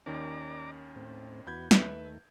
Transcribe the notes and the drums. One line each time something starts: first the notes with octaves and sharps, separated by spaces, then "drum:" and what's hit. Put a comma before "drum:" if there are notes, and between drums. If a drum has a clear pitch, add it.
D#2 D#3 C#4 D5 A#5 D6
A2 C4
E2 B3 F#4 B5 G6 G#6
D#2 A3 B4 E5, drum: snare